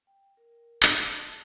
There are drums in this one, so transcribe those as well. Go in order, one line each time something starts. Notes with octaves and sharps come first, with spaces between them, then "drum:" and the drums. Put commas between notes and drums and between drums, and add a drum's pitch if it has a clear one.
G5
A#4
drum: clap
A5